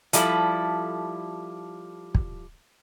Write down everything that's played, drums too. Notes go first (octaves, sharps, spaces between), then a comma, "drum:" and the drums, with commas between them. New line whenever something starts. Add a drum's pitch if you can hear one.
F3 G3 E4 A4 A5, drum: hi-hat
drum: kick